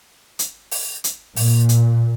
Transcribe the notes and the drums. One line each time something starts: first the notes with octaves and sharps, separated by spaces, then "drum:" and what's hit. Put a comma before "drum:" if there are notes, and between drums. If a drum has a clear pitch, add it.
drum: hi-hat
drum: open hi-hat
drum: hi-hat
A#2, drum: open hi-hat
drum: hi-hat